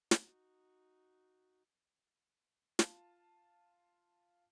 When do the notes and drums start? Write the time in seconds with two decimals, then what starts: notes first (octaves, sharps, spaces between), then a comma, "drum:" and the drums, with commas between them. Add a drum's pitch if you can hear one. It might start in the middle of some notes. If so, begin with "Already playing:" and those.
0.11 D#4 F#4, drum: snare
2.79 F4 A5, drum: snare